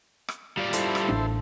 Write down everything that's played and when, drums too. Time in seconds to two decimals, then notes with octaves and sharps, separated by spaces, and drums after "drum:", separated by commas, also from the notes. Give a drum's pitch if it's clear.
0.28 drum: rim click
0.57 G3 F4 D5
0.73 E4 A4 C5, drum: hi-hat
0.95 drum: rim click
1.09 A1 D4